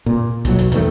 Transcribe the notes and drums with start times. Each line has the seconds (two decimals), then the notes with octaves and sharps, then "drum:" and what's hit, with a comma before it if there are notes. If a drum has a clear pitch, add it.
0.06 A#2
0.45 B1 F#3, drum: kick, hi-hat
0.59 drum: hi-hat
0.72 E2 D#3 A3, drum: hi-hat